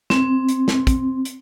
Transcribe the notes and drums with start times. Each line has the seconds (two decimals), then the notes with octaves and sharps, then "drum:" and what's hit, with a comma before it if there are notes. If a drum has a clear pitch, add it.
0.10 C4, drum: snare
0.49 drum: hi-hat
0.68 drum: snare
0.87 drum: kick, hi-hat
1.25 drum: hi-hat